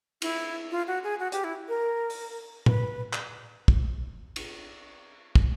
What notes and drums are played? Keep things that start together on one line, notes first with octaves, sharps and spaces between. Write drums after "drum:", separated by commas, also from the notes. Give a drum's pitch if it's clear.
E4, drum: cymbal
F4
F#4
G#4
F#4
G4, drum: hi-hat
E4
A#4
drum: open hi-hat
B4, drum: tom A2
drum: clap
drum: kick
drum: cymbal
drum: kick